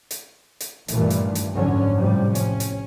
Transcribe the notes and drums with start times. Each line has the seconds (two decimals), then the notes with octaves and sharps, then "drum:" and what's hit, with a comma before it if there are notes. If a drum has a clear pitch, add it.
0.11 drum: hi-hat
0.60 drum: hi-hat
0.88 G2 A#2 D#3 E3 A3, drum: hi-hat
1.10 drum: hi-hat
1.35 drum: hi-hat
1.54 F#1 F2 G#2 D3 F#3 C#4
1.96 A2 C3 F3 G3
2.35 C#4, drum: hi-hat
2.60 drum: hi-hat